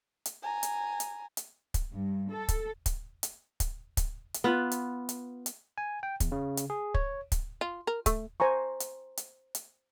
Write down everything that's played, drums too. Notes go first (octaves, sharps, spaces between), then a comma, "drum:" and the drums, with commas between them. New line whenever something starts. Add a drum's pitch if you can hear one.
drum: hi-hat
G#5 A#5
drum: hi-hat
drum: hi-hat
drum: hi-hat
drum: kick, hi-hat
G2
A4
drum: kick, hi-hat
drum: kick, hi-hat
drum: hi-hat
drum: kick, hi-hat
drum: kick, hi-hat
drum: hi-hat
B3 F4 B4
drum: hi-hat
drum: hi-hat
drum: hi-hat
G#5
G5
E2, drum: kick, hi-hat
C#3
drum: hi-hat
G#4
C#5, drum: kick
drum: kick, hi-hat
F4
A#4
A3, drum: kick, hi-hat
C5 G#5 A#5 C#6
drum: hi-hat
drum: hi-hat
drum: hi-hat